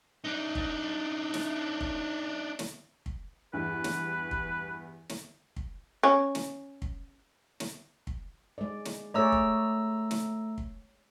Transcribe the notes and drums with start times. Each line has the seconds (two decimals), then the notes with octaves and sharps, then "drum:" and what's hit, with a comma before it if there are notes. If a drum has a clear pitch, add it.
0.24 D4 D#4
0.55 drum: kick
1.34 drum: snare
1.81 drum: kick
2.59 drum: snare
3.06 drum: kick
3.53 E2 G2 B4
3.84 drum: snare
4.31 drum: kick
5.09 drum: snare
5.56 drum: kick
6.03 C#4
6.35 drum: snare
6.82 drum: kick
7.60 drum: snare
8.07 drum: kick
8.58 G#3 D5
8.85 drum: snare
9.14 A3 G#4 C#5 D5 A#5 E6
9.32 drum: kick
10.11 drum: snare
10.58 drum: kick